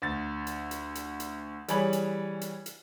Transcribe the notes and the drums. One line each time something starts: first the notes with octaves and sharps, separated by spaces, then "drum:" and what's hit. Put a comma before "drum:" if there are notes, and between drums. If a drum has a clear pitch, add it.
D2 A6
drum: hi-hat
drum: hi-hat
drum: hi-hat
drum: hi-hat
E3 G3 G#4 C#5 B5 F#7, drum: hi-hat
drum: hi-hat
drum: hi-hat
drum: hi-hat